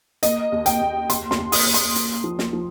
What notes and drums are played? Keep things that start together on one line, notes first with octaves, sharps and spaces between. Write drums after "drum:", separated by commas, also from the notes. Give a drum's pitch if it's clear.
A#3 D#5, drum: hi-hat
D#2
G5, drum: hi-hat
D#2
D#2 C6, drum: hi-hat
C6, drum: snare
D#2
D#6, drum: open hi-hat
D#2
C6, drum: hi-hat
A#3, drum: hi-hat
F3
drum: snare
F3